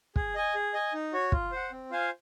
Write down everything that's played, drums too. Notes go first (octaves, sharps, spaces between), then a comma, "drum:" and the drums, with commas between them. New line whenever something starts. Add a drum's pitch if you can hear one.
G#4, drum: kick
D#5 G#5
G#4
D#5 G#5
D#4
F#4 C#5
F4, drum: kick
C5 F#5
C4
F4 C5 F5 G#5